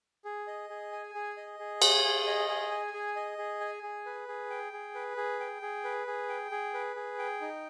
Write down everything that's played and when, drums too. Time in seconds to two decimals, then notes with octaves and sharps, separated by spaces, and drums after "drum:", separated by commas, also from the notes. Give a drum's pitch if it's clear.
0.25 G#4
0.47 D#5
0.70 G#4
0.92 G#5
1.15 G#4
1.37 D#5
1.59 G#4
1.82 G#5, drum: cymbal
2.04 G#4
2.27 D#5
2.49 G#4
2.71 G#5
2.94 G#4
3.16 D#5
3.38 G#4
3.61 G#5
3.83 G#4
4.06 B4
4.28 G#4
4.50 G5
4.73 G#4
4.95 B4
5.17 G#4
5.40 G5
5.62 G#4
5.84 B4
6.07 G#4
6.29 G5
6.51 G#4
6.74 B4
6.96 G#4
7.19 G5
7.41 D#4